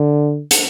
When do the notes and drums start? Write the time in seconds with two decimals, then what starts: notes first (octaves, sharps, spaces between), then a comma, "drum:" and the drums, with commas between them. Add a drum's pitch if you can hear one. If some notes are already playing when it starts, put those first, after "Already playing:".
Already playing: D3
0.51 drum: hi-hat